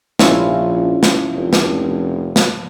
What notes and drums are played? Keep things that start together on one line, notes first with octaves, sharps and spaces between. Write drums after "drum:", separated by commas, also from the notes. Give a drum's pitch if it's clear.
A#1 C#4 E4 F4, drum: snare
drum: snare
F1
drum: snare
drum: snare